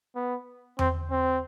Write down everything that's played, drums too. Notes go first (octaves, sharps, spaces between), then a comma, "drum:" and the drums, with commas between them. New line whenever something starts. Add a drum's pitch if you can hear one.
B3
C4, drum: tom E2
C4